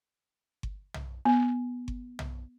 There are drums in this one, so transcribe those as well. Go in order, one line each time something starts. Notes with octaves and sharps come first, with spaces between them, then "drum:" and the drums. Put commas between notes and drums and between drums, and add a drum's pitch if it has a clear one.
drum: kick G1
drum: tom B1
B3
drum: kick G1
drum: tom B1